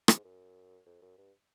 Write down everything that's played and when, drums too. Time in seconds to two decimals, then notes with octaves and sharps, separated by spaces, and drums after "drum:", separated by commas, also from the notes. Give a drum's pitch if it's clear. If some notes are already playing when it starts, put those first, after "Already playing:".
0.08 G#2, drum: rim click
0.24 F#2
0.86 F2
1.02 F#2
1.18 G2